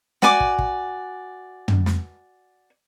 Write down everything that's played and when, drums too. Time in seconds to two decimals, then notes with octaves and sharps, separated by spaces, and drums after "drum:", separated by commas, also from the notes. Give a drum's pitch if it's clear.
0.22 F#4 D5 G#5 D6, drum: snare
0.40 drum: kick
0.59 drum: kick
1.68 drum: tom
1.86 drum: snare